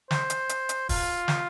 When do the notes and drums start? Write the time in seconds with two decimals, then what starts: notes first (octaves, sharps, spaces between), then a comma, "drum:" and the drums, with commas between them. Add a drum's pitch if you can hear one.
0.11 C5, drum: snare
0.30 drum: hi-hat
0.49 drum: hi-hat
0.69 drum: hi-hat
0.89 F4, drum: kick, open hi-hat
1.28 drum: snare